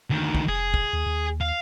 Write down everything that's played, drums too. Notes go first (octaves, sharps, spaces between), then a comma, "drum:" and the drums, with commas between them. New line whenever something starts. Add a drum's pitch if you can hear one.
D2 D#3
drum: kick
F1 G#4
drum: kick
D#2
D#2
F5